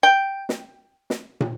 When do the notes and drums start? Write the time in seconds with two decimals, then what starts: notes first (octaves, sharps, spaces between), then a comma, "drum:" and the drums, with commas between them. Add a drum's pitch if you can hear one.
0.03 G5
0.49 drum: snare
1.10 drum: snare
1.40 drum: tom